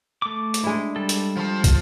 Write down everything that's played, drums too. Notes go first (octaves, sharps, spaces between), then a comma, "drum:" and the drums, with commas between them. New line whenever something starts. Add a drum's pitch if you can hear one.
A3 D6
drum: hi-hat
G#3 D4 E4
G3 A4
drum: hi-hat
F3 A5
drum: kick, hi-hat